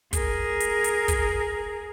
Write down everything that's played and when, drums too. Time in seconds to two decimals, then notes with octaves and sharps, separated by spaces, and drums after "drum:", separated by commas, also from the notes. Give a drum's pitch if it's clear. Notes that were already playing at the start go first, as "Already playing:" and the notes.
0.13 G#4 A#4, drum: kick, hi-hat
0.60 drum: hi-hat
0.84 drum: hi-hat
1.08 drum: kick, hi-hat